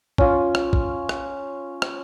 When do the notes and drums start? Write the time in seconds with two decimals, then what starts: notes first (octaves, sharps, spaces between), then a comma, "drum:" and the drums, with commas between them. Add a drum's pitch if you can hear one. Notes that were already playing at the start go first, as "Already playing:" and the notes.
0.18 C#4 F4, drum: kick B1
0.55 drum: rim click
0.73 drum: kick B1
1.09 drum: rim click
1.82 drum: rim click